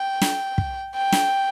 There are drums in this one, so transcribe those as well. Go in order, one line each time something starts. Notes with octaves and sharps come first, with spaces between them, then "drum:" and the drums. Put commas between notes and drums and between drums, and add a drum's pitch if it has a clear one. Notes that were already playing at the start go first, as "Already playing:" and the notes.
Already playing: G5
drum: snare
drum: kick
G5
drum: snare